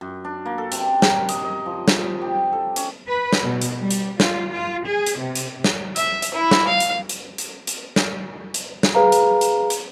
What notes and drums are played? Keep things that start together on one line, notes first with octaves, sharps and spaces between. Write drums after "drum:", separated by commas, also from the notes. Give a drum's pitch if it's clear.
F#2
D4
A#3
A4
C3, drum: hi-hat
A#4, drum: snare
D#5, drum: hi-hat
D#5
F3
drum: snare
G4
A4
C#4, drum: hi-hat
B4
drum: snare
B2
drum: hi-hat
G3
drum: hi-hat
F4, drum: snare
F4
G#4
drum: hi-hat
C3
drum: hi-hat
drum: snare
E5, drum: hi-hat
drum: hi-hat
E4
drum: snare
F5
drum: hi-hat
drum: hi-hat
drum: hi-hat
drum: hi-hat
drum: snare
drum: hi-hat
drum: snare
G#4 B4 F5 A#5
drum: hi-hat
drum: hi-hat
drum: hi-hat